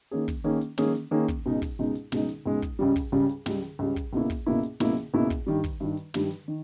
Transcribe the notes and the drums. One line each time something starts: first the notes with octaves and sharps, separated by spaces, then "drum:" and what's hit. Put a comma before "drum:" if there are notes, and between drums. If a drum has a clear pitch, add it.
D#3 A#3 C#4 G#4
drum: kick, open hi-hat
D#3 A#3 C#4 G#4
drum: hi-hat
D#3 A#3 C#4 G#4, drum: snare
drum: hi-hat
D#3 A#3 C#4 G#4
drum: kick, hi-hat
C#2 B2 G#3 D#4
drum: kick, open hi-hat
C#2 B2 G#3 D#4
drum: hi-hat
C#2 B2 G#3 D#4, drum: snare
drum: hi-hat
C#2 B2 G#3 D#4
drum: kick, hi-hat
C#2 C#3 G3
drum: kick, open hi-hat
C#2 C#3 G3
drum: hi-hat
C#2 C#3 G3, drum: snare
drum: hi-hat
C#2 C#3 G3
drum: kick, hi-hat
C#2 B2 A#3 E4
drum: kick, open hi-hat
C#2 B2 A#3 E4
drum: hi-hat
C#2 B2 A#3 E4, drum: snare
drum: hi-hat
C#2 B2 A#3 E4
drum: kick, hi-hat
G2 D#3 G3
drum: kick, open hi-hat
G2 D#3 G3
drum: hi-hat
G2 D#3 G3, drum: snare
drum: hi-hat
D#3